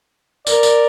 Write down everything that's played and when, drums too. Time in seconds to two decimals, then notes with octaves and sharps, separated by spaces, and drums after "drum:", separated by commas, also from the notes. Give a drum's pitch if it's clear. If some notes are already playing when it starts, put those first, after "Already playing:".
0.47 A#4 D5, drum: tambourine
0.63 drum: tambourine